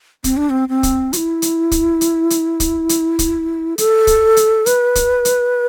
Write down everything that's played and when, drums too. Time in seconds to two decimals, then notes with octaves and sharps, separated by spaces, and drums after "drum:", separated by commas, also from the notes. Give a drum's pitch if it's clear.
0.24 C4, drum: kick, hi-hat
0.37 D4
0.50 C4
0.69 C4
0.83 drum: kick, hi-hat
1.13 F#4, drum: hi-hat
1.17 E4
1.42 drum: hi-hat
1.71 drum: kick, hi-hat
2.01 drum: hi-hat
2.30 drum: hi-hat
2.60 drum: kick, hi-hat
2.89 drum: hi-hat
3.19 drum: kick, hi-hat
3.78 A4, drum: hi-hat
4.07 drum: kick, hi-hat
4.37 drum: hi-hat
4.66 B4, drum: hi-hat
4.95 drum: kick, hi-hat
5.25 drum: hi-hat